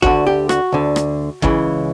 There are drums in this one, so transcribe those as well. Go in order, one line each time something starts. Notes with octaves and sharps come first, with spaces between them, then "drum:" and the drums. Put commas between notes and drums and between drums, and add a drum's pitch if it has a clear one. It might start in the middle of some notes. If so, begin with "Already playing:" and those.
D2 D3 F#4, drum: kick
G4
F#4, drum: rim click
D2 D3
drum: rim click
C#2 C#3 E3, drum: kick